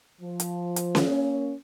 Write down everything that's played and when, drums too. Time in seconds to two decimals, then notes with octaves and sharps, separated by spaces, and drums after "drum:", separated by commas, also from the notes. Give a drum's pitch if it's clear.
0.21 F3
0.40 drum: hi-hat
0.76 drum: hi-hat
0.95 drum: snare C#4
1.09 A#3 C#4